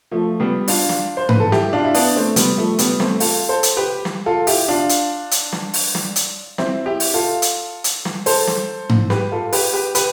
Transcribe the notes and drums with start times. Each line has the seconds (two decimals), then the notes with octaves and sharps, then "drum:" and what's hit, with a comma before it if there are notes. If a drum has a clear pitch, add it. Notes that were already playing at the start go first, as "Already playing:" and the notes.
0.11 F3 A3
0.40 G3 B3
0.68 D4 F4, drum: open hi-hat
0.89 drum: snare
1.17 C5
1.29 B4, drum: tom G#2
1.40 A4
1.52 E4 G4, drum: snare
1.73 D4 F4
1.84 E4
1.94 B3 D4, drum: open hi-hat
2.16 A3 C4
2.36 G3 B3, drum: hi-hat
2.57 F3 A3
2.79 G3 B3, drum: hi-hat
3.00 A3 C4, drum: snare
3.20 F4 A4, drum: open hi-hat
3.49 A4 C5
3.63 drum: hi-hat
3.77 G4 B4
4.05 drum: snare
4.26 F4 A4
4.47 E4 G4, drum: open hi-hat
4.68 D4 F4
4.89 drum: hi-hat
5.31 drum: hi-hat
5.52 drum: snare
5.74 drum: open hi-hat
5.95 drum: snare
6.16 drum: hi-hat
6.58 C4 E4, drum: snare
6.86 E4 G4
7.00 drum: open hi-hat
7.14 F4 A4
7.42 drum: hi-hat
7.84 drum: hi-hat
8.05 drum: snare
8.26 A4 C5, drum: open hi-hat
8.47 drum: snare
8.89 drum: tom G#2
9.10 G4 B4, drum: snare
9.32 F4 A4
9.53 G4 B4, drum: open hi-hat
9.73 G4 B4
9.95 G4 B4, drum: hi-hat